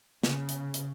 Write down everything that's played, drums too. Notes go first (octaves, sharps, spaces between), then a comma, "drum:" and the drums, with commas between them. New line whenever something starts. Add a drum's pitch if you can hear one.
C#3, drum: snare
drum: hi-hat
drum: hi-hat